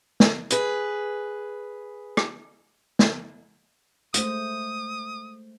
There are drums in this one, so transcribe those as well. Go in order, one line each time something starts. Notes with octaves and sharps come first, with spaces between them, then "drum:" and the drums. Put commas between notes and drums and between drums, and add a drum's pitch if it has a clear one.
drum: snare
G#4 B4, drum: hi-hat
drum: rim click
drum: snare
G#3 A3 C5 D#6, drum: hi-hat